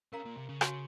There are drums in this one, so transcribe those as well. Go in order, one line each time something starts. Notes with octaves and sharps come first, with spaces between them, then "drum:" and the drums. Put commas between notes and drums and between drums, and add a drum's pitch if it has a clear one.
C#3 A#4 F5 A#5
A#2
C3
C#3
F#4 C#5 F5 G#5 C#6, drum: rim click